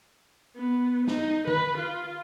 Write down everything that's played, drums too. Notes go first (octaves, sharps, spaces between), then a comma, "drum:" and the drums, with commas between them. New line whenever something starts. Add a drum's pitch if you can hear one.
B3
D#4, drum: snare
B4, drum: tom D3
F4